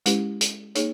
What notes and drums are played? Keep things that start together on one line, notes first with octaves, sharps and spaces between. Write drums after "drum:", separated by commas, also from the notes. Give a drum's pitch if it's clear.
G#3 C#4 E4 G4 B4, drum: hi-hat
drum: hi-hat
A#3 D#4 G#4 C#5, drum: hi-hat